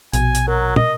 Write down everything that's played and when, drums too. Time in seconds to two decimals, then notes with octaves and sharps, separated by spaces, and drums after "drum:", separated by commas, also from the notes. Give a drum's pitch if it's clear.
0.13 A#1 B2 G#5, drum: hi-hat
0.35 drum: hi-hat
0.48 F#3 A#4
0.76 D#5, drum: tom